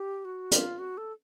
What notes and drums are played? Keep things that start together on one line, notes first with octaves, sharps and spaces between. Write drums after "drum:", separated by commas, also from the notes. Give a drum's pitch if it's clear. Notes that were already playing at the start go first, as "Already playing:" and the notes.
Already playing: G4
F#4
F4, drum: hi-hat
F#4
A4